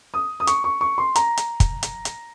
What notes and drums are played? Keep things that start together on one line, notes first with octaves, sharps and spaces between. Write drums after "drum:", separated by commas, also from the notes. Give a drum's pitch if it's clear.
D#6
D#6
C#6, drum: hi-hat
C#6
C#6
C6
A#5, drum: hi-hat
drum: hi-hat
drum: kick, hi-hat
drum: hi-hat
drum: hi-hat